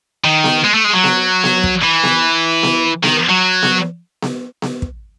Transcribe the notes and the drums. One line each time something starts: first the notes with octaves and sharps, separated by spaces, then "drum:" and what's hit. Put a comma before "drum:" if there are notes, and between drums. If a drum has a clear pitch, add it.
D#3
drum: snare B3
G#3
A3
G#3
F#3
drum: snare B3
drum: snare B3
drum: kick
E3
drum: snare B3
drum: snare B3
D#3, drum: snare B3
F#3
drum: snare B3
drum: snare B3
drum: snare B3
drum: kick